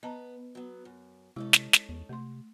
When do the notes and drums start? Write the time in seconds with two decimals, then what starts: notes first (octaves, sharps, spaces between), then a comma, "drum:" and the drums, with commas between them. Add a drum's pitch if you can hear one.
0.03 B3 D#5 A5 A#5
0.55 F#3 B3
0.85 F#2
1.36 C3 G#3 C#4 D#4 E4 A4
1.53 drum: snare
1.73 drum: snare
1.89 E2
2.09 C3 A3 C6